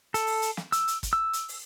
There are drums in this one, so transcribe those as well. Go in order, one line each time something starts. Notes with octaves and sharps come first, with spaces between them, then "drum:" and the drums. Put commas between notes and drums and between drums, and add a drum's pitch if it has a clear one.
A4, drum: hi-hat
drum: open hi-hat
drum: hi-hat
drum: snare
E6, drum: hi-hat
drum: hi-hat
drum: kick, hi-hat
E6
drum: hi-hat
drum: open hi-hat